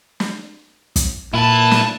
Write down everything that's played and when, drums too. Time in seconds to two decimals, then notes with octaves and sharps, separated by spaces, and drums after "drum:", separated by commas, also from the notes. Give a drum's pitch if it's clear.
0.20 drum: snare
0.96 drum: kick, hi-hat
1.34 A#2 E4 B4 A5
1.71 drum: snare